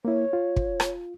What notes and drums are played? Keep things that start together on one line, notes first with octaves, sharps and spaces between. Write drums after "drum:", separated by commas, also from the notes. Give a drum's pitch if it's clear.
A#3 E4 C#5
F4
drum: kick
drum: rim click